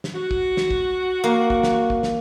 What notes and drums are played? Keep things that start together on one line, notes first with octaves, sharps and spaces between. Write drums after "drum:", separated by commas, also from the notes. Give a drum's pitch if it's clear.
drum: snare
F#4
drum: kick
drum: snare
drum: kick
A#3
drum: kick
drum: snare
drum: kick
drum: snare